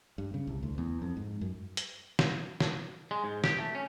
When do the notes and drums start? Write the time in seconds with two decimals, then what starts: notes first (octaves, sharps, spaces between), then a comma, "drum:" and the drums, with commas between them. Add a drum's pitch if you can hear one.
0.18 G2
0.34 C#3
0.47 C2
0.63 D2
0.78 E2
1.02 F2
1.17 G#2
1.41 F#2
1.77 drum: hi-hat
2.19 drum: snare
2.60 drum: snare
3.11 G#3
3.24 G#2
3.44 G4, drum: snare
3.58 A3
3.75 C#4